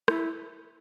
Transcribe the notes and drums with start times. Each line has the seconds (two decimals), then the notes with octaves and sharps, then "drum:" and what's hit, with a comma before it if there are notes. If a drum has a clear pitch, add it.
0.08 E4, drum: rim click